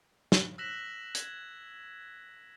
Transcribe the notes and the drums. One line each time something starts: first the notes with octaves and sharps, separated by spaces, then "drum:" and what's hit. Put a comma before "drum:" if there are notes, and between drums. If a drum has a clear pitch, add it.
drum: snare
E6 F#6 A#6 B6 E7 F#7
G#6, drum: hi-hat